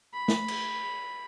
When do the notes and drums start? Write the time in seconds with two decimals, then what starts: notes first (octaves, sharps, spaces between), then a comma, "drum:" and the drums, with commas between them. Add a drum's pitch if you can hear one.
0.14 B5
0.28 drum: snare
0.48 drum: cymbal